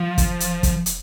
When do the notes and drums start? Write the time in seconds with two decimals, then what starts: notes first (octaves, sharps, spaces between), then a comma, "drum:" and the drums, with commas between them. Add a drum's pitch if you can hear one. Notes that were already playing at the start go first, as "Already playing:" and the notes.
Already playing: F3
0.18 drum: kick, hi-hat
0.40 drum: hi-hat
0.63 drum: kick, hi-hat
0.86 drum: hi-hat